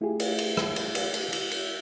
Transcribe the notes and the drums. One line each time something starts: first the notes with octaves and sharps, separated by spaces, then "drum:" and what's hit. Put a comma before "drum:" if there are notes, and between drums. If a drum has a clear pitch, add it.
A3 E4 F4 G4 G#4
drum: cymbal
drum: cymbal
drum: rim click
drum: cymbal
drum: cymbal
drum: cymbal
drum: cymbal
drum: cymbal